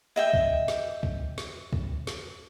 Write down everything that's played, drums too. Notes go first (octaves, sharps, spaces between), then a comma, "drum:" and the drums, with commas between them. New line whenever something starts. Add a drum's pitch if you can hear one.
D#5 E5 G5
drum: kick
drum: snare
drum: kick
drum: snare
drum: kick
drum: snare